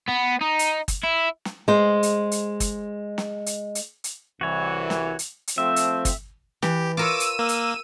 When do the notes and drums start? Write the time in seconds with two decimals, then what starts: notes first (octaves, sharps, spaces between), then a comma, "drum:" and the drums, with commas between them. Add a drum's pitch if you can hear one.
0.09 B3
0.41 D#4
0.59 drum: hi-hat
0.88 drum: kick, hi-hat
1.03 E4
1.45 drum: snare
1.68 G#3 C5
2.03 drum: hi-hat
2.32 drum: hi-hat
2.60 drum: kick, hi-hat
3.18 drum: snare
3.46 drum: hi-hat
3.75 drum: hi-hat
4.04 drum: hi-hat
4.41 C2 E3 F#4 C#5
4.90 drum: snare
5.19 drum: hi-hat
5.48 drum: hi-hat
5.58 F3 A3 C4 E5
5.76 drum: hi-hat
6.05 drum: kick, hi-hat
6.62 E3 G4, drum: snare
6.97 F4 A#4 C#5 D6 E6 D#7
7.20 drum: hi-hat
7.39 A#3
7.49 drum: hi-hat